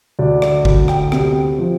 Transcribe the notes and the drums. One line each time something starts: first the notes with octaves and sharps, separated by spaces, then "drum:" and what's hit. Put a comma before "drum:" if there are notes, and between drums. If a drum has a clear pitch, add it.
D2 D5
D5, drum: rim click
D2, drum: kick
G5, drum: rim click
C3, drum: rim click
F3